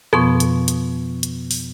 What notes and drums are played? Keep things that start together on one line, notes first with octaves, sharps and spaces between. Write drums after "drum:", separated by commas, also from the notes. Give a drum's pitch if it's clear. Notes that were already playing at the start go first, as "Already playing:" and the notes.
F2 B2 F3 B3 C6 C#6, drum: rim click
drum: hi-hat
drum: hi-hat
drum: hi-hat
drum: open hi-hat